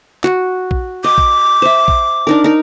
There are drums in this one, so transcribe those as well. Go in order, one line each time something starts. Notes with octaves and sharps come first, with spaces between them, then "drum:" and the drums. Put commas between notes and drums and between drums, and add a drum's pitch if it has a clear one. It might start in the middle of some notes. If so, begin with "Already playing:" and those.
F#4, drum: clap
drum: kick A#1
D#5 D6
drum: kick A#1
C5 E5
drum: kick A#1
D4 D#4 A#4
D#4 A#4